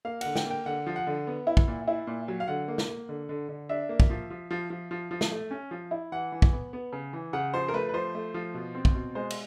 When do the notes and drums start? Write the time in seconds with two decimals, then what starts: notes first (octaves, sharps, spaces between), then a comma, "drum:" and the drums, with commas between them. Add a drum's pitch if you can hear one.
0.05 A#3 F5
0.21 D3 F#5, drum: cymbal
0.36 G5, drum: snare
0.46 A#3 G5
0.66 D3 F#5
0.87 F3
0.96 F#5
1.07 D3
1.27 B3
1.47 E4
1.57 drum: kick
1.68 A#2
1.88 E4
2.07 A#2
2.28 F#3
2.40 F5
2.48 D3 F#5
2.68 A#3
2.78 drum: snare
2.88 A#3
3.09 D3
3.29 D3
3.49 D3
3.69 D4 E5
3.89 A#3
4.00 drum: kick
4.10 F3
4.30 F3
4.51 F3
4.70 F3
4.91 F3
5.11 F3
5.21 drum: snare
5.31 A3
5.51 C#4
5.71 F3
5.91 E4
6.12 E3 F#5
6.32 E3
6.42 drum: kick
6.53 B3
6.73 B3
6.93 C#3
7.13 E3
7.33 C#3 F#5
7.54 F3 C5
7.68 A#4
7.73 A3 B4
7.89 B4
7.94 F3 C5
8.15 A3
8.34 F3
8.54 B2
8.75 C4
8.85 drum: kick
8.95 B2
9.15 G#3 C5
9.30 drum: cymbal